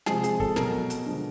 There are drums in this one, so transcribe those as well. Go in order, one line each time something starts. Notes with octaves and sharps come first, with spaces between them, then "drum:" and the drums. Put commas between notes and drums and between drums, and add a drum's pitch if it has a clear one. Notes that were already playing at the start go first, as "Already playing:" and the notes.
C3 F3 G#3 G#4, drum: snare
G#4, drum: hi-hat
A4, drum: kick
B2 F#3 A#4, drum: snare
drum: hi-hat
D3 F3 G#3